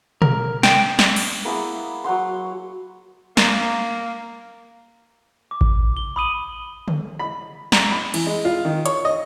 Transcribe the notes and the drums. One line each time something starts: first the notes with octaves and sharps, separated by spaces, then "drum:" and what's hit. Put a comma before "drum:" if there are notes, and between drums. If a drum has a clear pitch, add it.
A#4, drum: tom
G5, drum: snare
drum: snare
drum: cymbal
A#3 B3 E4 G#4
F#3 C#5 F#5 C6
A#3, drum: snare
D6
drum: kick A1
G7
B5 D#6 D#7 F#7
drum: tom C#3
B5
A#5, drum: snare
B5
E3, drum: cymbal
G#3
F4
D#3
C#5, drum: hi-hat
D#5